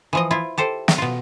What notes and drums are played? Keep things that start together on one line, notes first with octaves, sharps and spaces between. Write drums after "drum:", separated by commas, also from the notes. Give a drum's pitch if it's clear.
E3 F3 D#5
E4 F4
G4 A4 C5
drum: snare
B2 F4